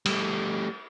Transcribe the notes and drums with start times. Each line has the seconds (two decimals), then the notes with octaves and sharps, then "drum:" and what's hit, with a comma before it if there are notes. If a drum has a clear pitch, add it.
0.06 G3 A3, drum: cymbal